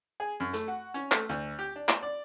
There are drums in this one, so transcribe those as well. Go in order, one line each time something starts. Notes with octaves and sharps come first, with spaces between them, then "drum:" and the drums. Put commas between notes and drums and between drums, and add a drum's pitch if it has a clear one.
G#4
F#2
A3, drum: hi-hat
F#4
C#4, drum: hi-hat
A3, drum: clap
D2, drum: hi-hat
G4
D4
drum: clap
D5